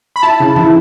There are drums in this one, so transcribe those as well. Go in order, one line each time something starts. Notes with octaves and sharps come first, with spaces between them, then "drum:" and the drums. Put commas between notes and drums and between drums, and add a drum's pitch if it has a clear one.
B5
E4 A5
C#3
E4, drum: tom E3